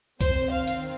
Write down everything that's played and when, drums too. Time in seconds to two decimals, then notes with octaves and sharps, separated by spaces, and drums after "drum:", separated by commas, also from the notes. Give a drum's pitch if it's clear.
0.21 D#3 C4 C5, drum: kick C2, hi-hat
0.52 F5
0.67 drum: hi-hat